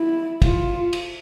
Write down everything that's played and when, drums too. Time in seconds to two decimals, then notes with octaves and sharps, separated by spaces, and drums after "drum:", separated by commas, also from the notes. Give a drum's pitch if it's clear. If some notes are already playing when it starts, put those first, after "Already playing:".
Already playing: E4
0.42 F4, drum: kick, cymbal
0.93 drum: cymbal